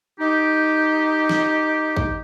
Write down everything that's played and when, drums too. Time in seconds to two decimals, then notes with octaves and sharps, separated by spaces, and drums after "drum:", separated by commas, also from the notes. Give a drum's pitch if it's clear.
0.20 D#4 G4
1.29 drum: snare
1.97 drum: kick